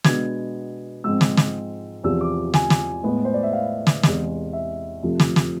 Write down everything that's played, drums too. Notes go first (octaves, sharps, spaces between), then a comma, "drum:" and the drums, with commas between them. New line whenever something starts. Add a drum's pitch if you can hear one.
B2 G#3 B3 D4 G#6, drum: snare
G#2 F3 G#3 C4 E6
drum: snare
drum: snare
E2 C3 F3 E6
D6
G#5, drum: snare
drum: snare
A2 G#3 B3
C5
D5
E5
F5
drum: snare
E2 C3 G#3, drum: snare
E5
F2 C3 F3 A3
drum: snare
drum: snare